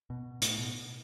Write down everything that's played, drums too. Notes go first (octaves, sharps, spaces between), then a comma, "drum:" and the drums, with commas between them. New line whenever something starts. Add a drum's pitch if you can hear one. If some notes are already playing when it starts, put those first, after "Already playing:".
B2
A2, drum: hi-hat
B2